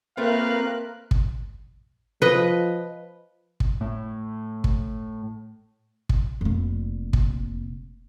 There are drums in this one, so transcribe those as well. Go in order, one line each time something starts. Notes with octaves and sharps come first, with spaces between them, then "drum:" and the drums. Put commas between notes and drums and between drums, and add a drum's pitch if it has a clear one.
A3 A#3 C4 F4 A#4 B4 F5 F#6
drum: kick
F3 B4 D#5
drum: kick
A2
drum: kick
drum: kick
F1 A#2
drum: kick